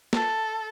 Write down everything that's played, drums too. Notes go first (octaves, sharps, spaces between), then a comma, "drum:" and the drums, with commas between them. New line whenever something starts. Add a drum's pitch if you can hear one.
A4, drum: snare